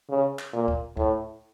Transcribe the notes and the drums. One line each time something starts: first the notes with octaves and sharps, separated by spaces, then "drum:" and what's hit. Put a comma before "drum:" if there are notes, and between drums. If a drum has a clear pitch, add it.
C#3
drum: clap
A#2
drum: kick
A2, drum: kick